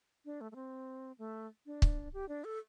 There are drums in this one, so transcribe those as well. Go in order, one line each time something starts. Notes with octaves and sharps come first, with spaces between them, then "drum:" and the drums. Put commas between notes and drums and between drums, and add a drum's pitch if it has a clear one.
D4
A3
A3
C4
A3
D4
drum: kick
G4
D4
A4